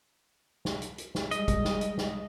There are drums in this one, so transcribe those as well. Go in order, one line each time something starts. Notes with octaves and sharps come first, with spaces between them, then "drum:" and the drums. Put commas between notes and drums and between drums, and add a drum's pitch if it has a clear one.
drum: snare
drum: hi-hat
drum: hi-hat
drum: snare
G3 G#3 D#5, drum: hi-hat
drum: kick G1, hi-hat
drum: snare
drum: hi-hat
drum: snare